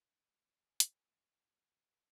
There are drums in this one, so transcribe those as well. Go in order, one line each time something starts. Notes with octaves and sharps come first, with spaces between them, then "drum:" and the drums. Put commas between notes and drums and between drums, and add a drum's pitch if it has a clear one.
G#4 G5 C#6
drum: hi-hat